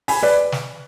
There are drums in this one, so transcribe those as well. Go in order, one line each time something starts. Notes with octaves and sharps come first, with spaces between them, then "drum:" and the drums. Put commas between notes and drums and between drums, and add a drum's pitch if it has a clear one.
G#5 B5, drum: open hi-hat
B4 D5
drum: snare